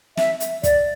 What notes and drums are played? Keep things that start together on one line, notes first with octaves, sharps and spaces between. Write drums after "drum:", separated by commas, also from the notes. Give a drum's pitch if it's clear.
E5, drum: snare
drum: hi-hat
D5, drum: kick, hi-hat